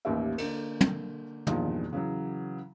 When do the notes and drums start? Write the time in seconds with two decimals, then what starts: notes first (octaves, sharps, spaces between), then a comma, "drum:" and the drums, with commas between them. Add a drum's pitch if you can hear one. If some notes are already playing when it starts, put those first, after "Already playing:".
0.05 A1 D#2 A#3 G4 A#4 E5
0.38 D3 A#3, drum: cymbal
0.81 drum: tom
1.47 E2 G2 A#2 D#3 F3, drum: tom
1.93 C#3 E3 F#3